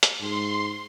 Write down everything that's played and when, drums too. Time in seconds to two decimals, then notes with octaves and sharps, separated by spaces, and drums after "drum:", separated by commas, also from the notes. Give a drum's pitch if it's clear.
0.03 drum: hi-hat
0.21 G#2 C6